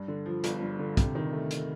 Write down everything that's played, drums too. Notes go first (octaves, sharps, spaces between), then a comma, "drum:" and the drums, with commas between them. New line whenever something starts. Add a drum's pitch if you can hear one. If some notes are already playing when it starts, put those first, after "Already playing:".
Already playing: G2
D3
F3
G1, drum: hi-hat
G2
D3
C3, drum: kick, hi-hat
D#3
A3
drum: hi-hat